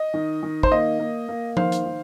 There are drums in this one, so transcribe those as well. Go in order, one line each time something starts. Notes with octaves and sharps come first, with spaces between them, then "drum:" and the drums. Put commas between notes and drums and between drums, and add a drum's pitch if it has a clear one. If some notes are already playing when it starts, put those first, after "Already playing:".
Already playing: D#5
D#3
D#3
C5, drum: kick
A#3 D#5
A#3
A#3
D#3 C5 F5, drum: tom F3
drum: hi-hat
D#3